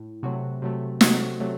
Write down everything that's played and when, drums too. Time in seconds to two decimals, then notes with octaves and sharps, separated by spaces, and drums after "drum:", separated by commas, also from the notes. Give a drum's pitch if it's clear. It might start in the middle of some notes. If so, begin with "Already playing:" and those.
Already playing: A2
0.23 C3 F#3 A3 F#4
0.62 C3 F#3 A3
1.01 C3 F#3 A3 F#4, drum: snare
1.40 C3 F#3 A3